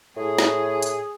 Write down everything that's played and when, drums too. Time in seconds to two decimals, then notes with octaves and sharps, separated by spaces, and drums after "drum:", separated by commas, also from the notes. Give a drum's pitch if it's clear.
0.16 A2 G#4
0.38 drum: snare
0.82 drum: hi-hat